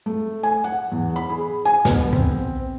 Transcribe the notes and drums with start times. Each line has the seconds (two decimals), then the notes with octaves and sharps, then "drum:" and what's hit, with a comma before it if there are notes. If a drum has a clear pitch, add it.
0.06 A3
0.43 G#5
0.64 F#5
0.92 E2
1.16 B5
1.30 G#4
1.65 G#5
1.85 B3, drum: snare
2.13 C4, drum: kick